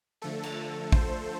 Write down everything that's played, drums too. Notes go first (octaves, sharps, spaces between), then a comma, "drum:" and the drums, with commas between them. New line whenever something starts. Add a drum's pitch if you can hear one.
D3 F3 A3 A4
drum: cymbal
C5, drum: kick